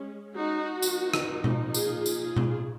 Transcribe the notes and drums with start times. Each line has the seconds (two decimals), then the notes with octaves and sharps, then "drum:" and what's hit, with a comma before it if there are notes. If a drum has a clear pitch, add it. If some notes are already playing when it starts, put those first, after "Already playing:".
Already playing: G#3 C#4
0.37 D#4 F#4
0.82 F3 A#3 D#4, drum: tambourine
1.14 drum: rim click
1.44 drum: tom B2
1.74 F4 G#4, drum: tambourine
2.06 drum: tambourine
2.21 F4 G#4
2.36 drum: tom B2